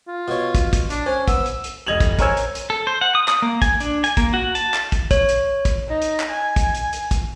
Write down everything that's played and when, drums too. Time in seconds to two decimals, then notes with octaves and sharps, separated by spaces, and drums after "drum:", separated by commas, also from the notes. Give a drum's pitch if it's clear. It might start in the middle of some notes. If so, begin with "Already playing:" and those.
0.08 F4
0.28 B2 C#5
0.55 drum: kick, hi-hat
0.73 drum: kick, hi-hat
0.90 D4, drum: hi-hat
1.06 C#4 C5 G#5
1.28 B3 E6, drum: kick, hi-hat
1.46 drum: hi-hat
1.64 drum: hi-hat
1.87 F1 D#5 G#6 F7 F#7
2.00 drum: kick, hi-hat
2.19 A#4 C5 C#5 G#5 E6 G#6, drum: kick, hi-hat
2.37 drum: hi-hat
2.55 drum: hi-hat
2.70 A4
2.87 C5
3.01 F#5
3.15 D#6
3.28 D#6, drum: clap
3.42 A#3
3.62 G#5, drum: kick, hi-hat
3.80 D4, drum: hi-hat
4.04 G#5, drum: hi-hat
4.17 A#3, drum: kick, hi-hat
4.34 F#4
4.55 A5, drum: hi-hat
4.74 drum: clap
4.92 drum: kick, hi-hat
5.11 C#5, drum: kick, hi-hat
5.29 drum: hi-hat
5.65 drum: kick, hi-hat
5.88 D#4
6.02 drum: hi-hat
6.20 drum: clap
6.31 G#5
6.56 drum: kick, hi-hat
6.75 drum: hi-hat
6.93 drum: hi-hat
7.11 drum: kick, hi-hat